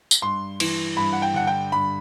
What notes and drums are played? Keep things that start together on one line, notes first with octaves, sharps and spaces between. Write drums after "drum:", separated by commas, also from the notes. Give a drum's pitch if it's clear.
drum: tambourine
G2 C6
E3, drum: cymbal
G2 B5
F#5
G5
D3 F#5
G5
G2 B5